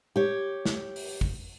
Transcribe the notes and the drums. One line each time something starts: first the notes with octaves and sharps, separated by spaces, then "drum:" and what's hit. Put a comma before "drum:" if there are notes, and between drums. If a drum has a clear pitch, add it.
G4 C#5
drum: snare
drum: open hi-hat
drum: kick G1